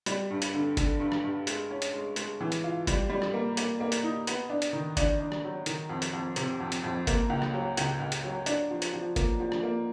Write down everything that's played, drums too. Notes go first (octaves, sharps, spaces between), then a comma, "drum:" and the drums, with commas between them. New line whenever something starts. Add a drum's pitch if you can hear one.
G3, drum: hi-hat
G2
drum: hi-hat
D3
D3, drum: kick, hi-hat
G2
drum: rim click
G2
G#3, drum: hi-hat
C#4
drum: hi-hat
G#3
G#3, drum: hi-hat
E3
drum: hi-hat
F4
G3, drum: kick, hi-hat
G3
drum: rim click
A#3
A#3, drum: hi-hat
A#3
drum: hi-hat
D#4
B3, drum: hi-hat
D4
drum: hi-hat
D#3
D4, drum: kick, hi-hat
D4
drum: rim click
F#3
D#3, drum: hi-hat
F2
drum: hi-hat
F2
C3, drum: hi-hat
F2
drum: hi-hat
F2
A#3, drum: kick, hi-hat
C#2
drum: rim click
F#3
C#2, drum: hi-hat
C#2
drum: hi-hat
F#3
D4, drum: hi-hat
F3
drum: hi-hat
F3
A#3, drum: kick, hi-hat
F3
drum: rim click
A#3